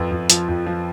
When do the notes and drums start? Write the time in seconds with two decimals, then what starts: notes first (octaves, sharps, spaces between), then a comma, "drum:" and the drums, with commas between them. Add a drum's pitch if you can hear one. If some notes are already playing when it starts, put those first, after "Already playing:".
Already playing: F2 F3 B4
0.11 F2
0.30 F3, drum: hi-hat
0.49 F2
0.66 F3